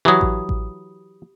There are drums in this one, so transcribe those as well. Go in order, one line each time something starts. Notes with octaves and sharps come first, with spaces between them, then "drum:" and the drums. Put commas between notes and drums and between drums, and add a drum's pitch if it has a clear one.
E3 F#3 G4 B5 D#6
drum: kick A1
drum: kick A1